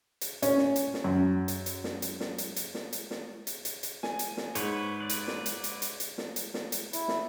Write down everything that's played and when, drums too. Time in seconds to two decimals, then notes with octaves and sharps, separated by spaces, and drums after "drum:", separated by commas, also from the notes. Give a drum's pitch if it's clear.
0.21 drum: hi-hat
0.42 C#4, drum: hi-hat
0.58 drum: snare
0.76 drum: hi-hat
0.94 drum: snare
1.04 F#2
1.48 drum: hi-hat
1.66 drum: hi-hat
1.84 drum: snare
2.02 drum: hi-hat
2.20 drum: snare
2.38 drum: hi-hat
2.56 drum: hi-hat
2.74 drum: snare
2.93 drum: hi-hat
3.11 drum: snare
3.47 drum: hi-hat
3.65 drum: hi-hat
3.83 drum: hi-hat
4.03 G#5, drum: snare
4.19 drum: hi-hat
4.37 drum: snare
4.55 G#2 B4 C#5, drum: hi-hat
5.00 B4 D5
5.09 drum: hi-hat
5.28 drum: snare
5.46 drum: hi-hat
5.64 drum: hi-hat
5.82 drum: hi-hat
6.00 drum: hi-hat
6.18 drum: snare
6.36 drum: hi-hat
6.54 drum: snare
6.72 drum: hi-hat
6.93 E4, drum: hi-hat
7.08 drum: snare